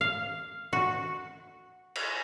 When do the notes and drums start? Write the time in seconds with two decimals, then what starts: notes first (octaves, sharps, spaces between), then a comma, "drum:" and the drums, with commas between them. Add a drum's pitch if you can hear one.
0.01 F5
0.73 F#4
1.95 drum: cymbal